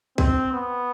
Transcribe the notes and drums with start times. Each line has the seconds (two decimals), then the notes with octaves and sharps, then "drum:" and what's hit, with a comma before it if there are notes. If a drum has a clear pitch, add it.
0.18 C4, drum: kick
0.53 B3